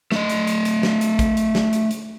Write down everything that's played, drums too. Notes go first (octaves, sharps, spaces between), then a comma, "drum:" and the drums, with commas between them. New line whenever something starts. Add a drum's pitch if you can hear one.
A3 D#5, drum: snare
drum: hi-hat
drum: hi-hat
drum: hi-hat
drum: snare
drum: hi-hat
drum: kick, hi-hat
drum: hi-hat
drum: snare
drum: hi-hat
drum: hi-hat